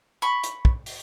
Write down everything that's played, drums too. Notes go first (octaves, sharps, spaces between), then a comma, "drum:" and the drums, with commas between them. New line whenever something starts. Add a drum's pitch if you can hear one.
B5 C#6
drum: hi-hat
drum: kick
drum: open hi-hat